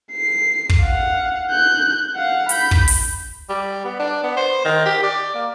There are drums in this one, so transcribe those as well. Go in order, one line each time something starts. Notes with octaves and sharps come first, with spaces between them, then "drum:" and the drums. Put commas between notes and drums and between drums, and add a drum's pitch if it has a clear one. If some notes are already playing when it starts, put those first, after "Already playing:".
C7
drum: kick
F5 F#5
F#6 G6
F5 F#5
B5 G6, drum: hi-hat
drum: kick
drum: open hi-hat
G3
B3
D4
B3
C5
D#3
G4
D5
A#3